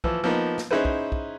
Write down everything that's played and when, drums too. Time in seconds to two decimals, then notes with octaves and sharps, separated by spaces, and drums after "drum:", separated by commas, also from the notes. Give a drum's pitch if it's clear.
0.04 E3 F3, drum: kick
0.24 F3 A#3 B3 D#4
0.58 drum: snare
0.71 C#4 D#4 E4 G#4 B4 C5
0.85 drum: kick
1.12 drum: kick